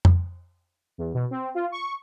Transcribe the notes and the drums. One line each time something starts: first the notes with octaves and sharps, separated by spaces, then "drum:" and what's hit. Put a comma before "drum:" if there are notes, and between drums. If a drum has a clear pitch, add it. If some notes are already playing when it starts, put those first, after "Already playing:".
drum: tom F2
E2
B2
C4
F4
C#6